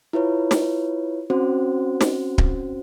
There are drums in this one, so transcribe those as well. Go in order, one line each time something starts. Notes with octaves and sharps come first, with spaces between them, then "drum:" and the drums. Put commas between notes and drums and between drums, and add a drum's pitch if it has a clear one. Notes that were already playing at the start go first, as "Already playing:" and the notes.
E4 F4 B4 C#5
drum: snare
C4 C#4 F#4 C5
drum: snare
drum: kick D1